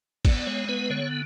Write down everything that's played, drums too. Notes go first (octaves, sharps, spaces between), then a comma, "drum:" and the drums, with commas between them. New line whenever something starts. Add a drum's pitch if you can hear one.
B3 D5, drum: kick, cymbal
G#3 C#5
B3 B4
D3 C#5